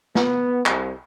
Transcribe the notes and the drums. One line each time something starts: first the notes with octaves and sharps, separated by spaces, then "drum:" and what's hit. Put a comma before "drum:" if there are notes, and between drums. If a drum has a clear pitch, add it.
B3, drum: snare
C2, drum: clap